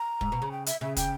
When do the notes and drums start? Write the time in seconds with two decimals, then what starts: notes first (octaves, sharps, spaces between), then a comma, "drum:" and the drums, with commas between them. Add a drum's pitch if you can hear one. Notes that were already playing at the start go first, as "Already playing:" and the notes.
Already playing: A#5
0.21 G#2, drum: kick
0.32 B2
0.42 C#3
0.52 G5
0.66 E5, drum: hi-hat
0.81 C#3 E5
0.96 G5, drum: kick, hi-hat